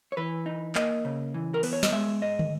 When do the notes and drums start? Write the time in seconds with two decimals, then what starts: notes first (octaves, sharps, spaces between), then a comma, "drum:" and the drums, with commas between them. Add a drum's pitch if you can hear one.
0.12 C#5
0.17 E3 B4
0.46 D#4
0.75 A#3 D#5, drum: clap
1.05 C#3
1.34 E3
1.54 A#4
1.63 B3 B4, drum: cymbal
1.73 C#5
1.83 D#5, drum: snare
1.92 G#3 E5
2.22 G#2 D#5
2.39 drum: tom